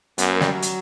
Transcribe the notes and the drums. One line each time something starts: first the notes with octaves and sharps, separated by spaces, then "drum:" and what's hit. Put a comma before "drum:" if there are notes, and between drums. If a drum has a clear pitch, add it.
F#2 B3, drum: hi-hat
A#3
G3, drum: snare
F#3
drum: hi-hat